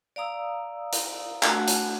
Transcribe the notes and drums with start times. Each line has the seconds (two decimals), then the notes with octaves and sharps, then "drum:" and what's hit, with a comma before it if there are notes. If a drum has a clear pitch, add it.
0.16 D5 F5 A#5 D#6 E6
0.93 drum: hi-hat
1.43 A3 D4 F#4 F#5 G#5, drum: clap
1.68 drum: hi-hat